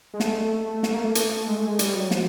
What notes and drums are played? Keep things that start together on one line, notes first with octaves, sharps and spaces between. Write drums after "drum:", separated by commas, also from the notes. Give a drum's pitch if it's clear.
G#3
A3, drum: snare
A3, drum: snare
A#3
A3
drum: hi-hat
G#3
A3
G#3
G3, drum: hi-hat
F#3
F3, drum: snare